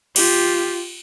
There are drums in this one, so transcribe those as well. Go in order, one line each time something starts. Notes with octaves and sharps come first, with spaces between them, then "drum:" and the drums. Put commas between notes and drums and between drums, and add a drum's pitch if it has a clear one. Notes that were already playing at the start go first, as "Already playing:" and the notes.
F4 G4, drum: cymbal